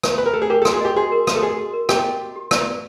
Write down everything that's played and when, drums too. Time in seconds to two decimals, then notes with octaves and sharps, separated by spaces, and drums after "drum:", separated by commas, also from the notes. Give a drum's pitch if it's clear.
0.03 drum: rim click
0.18 B4
0.26 A#4
0.33 A4
0.42 G#4
0.50 G4 A#4
0.62 A4
0.65 F#4, drum: rim click
0.73 G#4
0.81 G4 D#5
0.96 F#4 G#4
1.12 A#4
1.27 F#4, drum: rim click
1.35 A4
1.42 G#4 D#5
1.58 F#4
1.73 A#4
1.89 F#4 G4, drum: rim click
2.04 D#5
2.20 F#4
2.36 G4
2.51 D5, drum: rim click
2.66 B4